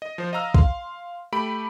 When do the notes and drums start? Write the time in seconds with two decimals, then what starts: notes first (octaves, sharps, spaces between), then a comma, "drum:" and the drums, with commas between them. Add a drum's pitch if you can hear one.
0.02 D#5
0.18 F3 C5
0.33 D#5 F5 A#5 E6 F6
0.54 F5 C6, drum: kick
1.32 A3 G4 B5 D7